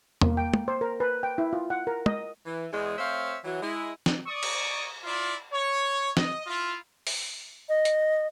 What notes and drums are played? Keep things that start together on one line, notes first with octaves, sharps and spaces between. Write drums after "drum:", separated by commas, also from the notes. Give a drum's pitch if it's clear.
A#3, drum: tom E2
G5
drum: tom
C5
A#4
B4
G5
E4
F4
F#5
A#4
D#5, drum: tom
E3
E2 G#3
A3 C4 C5 C#5 E5 F5
E3 F#3
G#3 E4
drum: snare
D5 C#6 D#6
drum: cymbal
E4 F4 D5
C#5
D#5, drum: snare
E4 F4
drum: open hi-hat
D#5
drum: hi-hat